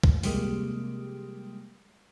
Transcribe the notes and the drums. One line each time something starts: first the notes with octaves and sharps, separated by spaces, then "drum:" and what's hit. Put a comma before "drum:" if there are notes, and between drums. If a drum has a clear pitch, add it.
drum: kick
C3 F3 G3 G#3 A#3 G4, drum: open hi-hat